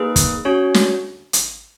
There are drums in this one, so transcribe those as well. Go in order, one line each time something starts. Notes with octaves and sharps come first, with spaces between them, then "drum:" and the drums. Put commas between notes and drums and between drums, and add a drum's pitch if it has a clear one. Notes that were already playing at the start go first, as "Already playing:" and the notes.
Already playing: A#3 D#4 G#4 B4
drum: kick, hi-hat
C#4 F#4 C#5
drum: snare
drum: hi-hat